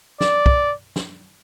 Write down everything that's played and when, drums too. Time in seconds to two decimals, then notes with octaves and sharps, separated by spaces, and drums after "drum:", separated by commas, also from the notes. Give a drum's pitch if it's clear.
0.21 D5, drum: snare
0.46 drum: kick
0.96 drum: snare